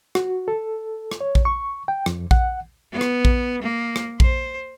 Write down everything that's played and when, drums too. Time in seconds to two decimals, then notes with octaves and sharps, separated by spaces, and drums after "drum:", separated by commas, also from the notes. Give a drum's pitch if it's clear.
0.15 F#4, drum: rim click
0.48 A4
1.12 drum: rim click
1.21 C#5
1.35 drum: kick A#1
1.45 C#6
1.88 G5
2.06 F2, drum: rim click
2.31 F#5, drum: kick A#1
2.92 B3
3.01 drum: rim click
3.25 drum: kick A#1
3.62 A#3
3.96 drum: rim click
4.20 C5, drum: kick A#1